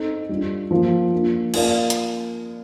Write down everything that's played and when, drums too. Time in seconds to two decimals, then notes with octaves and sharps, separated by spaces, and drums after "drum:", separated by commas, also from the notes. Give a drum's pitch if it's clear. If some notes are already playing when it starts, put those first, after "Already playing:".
Already playing: C4 D#4 A4
0.29 G3 D4 F4
0.71 F3 A#3 F4
1.13 A#3 D4 F4
1.54 A#3 F4 A#4 D5 F5, drum: cymbal
1.90 drum: hi-hat